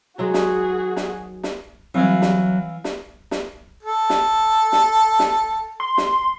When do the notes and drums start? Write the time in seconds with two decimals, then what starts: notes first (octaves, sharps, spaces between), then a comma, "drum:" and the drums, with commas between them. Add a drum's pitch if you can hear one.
0.18 D#3 F#3 G#3 F#4 G#4
0.34 drum: snare
0.97 drum: snare
1.43 drum: snare
1.94 E3 F#3 G3 C4 E4 F5
2.22 drum: snare
2.84 drum: snare
3.31 drum: snare
3.83 A4
4.10 drum: snare
4.72 drum: snare
5.19 drum: snare
5.80 C6
5.98 drum: snare